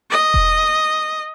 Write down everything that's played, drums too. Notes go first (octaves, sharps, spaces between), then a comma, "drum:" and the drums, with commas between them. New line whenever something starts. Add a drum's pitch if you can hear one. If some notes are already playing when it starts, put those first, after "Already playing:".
D#5
drum: kick E1